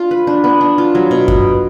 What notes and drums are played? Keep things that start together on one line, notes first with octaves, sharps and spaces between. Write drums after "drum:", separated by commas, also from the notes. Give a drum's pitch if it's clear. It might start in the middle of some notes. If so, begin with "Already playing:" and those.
Already playing: D4 F4
B4
D4
B3
D4
F4
F#3
B2
drum: kick F#2